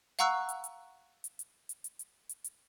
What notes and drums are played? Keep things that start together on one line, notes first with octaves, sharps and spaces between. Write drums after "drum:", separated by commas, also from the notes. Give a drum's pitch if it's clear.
F5 F#5 A#5 C#6 E6 F#6, drum: hi-hat
drum: hi-hat
drum: hi-hat
drum: hi-hat
drum: hi-hat
drum: hi-hat
drum: hi-hat
drum: hi-hat
drum: hi-hat
drum: hi-hat